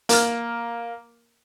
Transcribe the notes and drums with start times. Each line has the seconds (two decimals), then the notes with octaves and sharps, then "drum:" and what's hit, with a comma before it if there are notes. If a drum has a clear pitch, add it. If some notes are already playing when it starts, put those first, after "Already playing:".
0.09 A#3 F6, drum: hi-hat